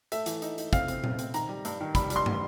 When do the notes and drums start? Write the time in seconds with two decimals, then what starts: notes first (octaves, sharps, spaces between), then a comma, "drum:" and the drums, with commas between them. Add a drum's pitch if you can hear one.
0.12 A3 E5, drum: hi-hat
0.26 E3, drum: hi-hat
0.42 D#4, drum: hi-hat
0.58 D#4, drum: hi-hat
0.73 C4 F5, drum: kick, hi-hat
0.88 C4, drum: hi-hat
1.04 C4, drum: tom A#2
1.19 C4, drum: hi-hat
1.34 D#3 A#5, drum: hi-hat
1.49 G3
1.65 G2, drum: hi-hat
1.81 D#3
1.95 G3 B5, drum: kick, hi-hat
2.10 G3, drum: hi-hat
2.16 C6
2.26 drum: tom